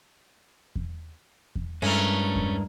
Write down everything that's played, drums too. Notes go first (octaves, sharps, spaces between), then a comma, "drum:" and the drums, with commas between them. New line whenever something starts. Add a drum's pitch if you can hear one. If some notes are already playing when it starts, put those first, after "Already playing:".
drum: kick E2
drum: kick E2
G2 G#3 A3 C#4 E4 A#4
drum: kick E2